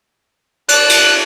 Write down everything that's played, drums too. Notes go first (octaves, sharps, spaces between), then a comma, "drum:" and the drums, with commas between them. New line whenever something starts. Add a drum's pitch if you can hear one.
D5 F#6, drum: cymbal
drum: cymbal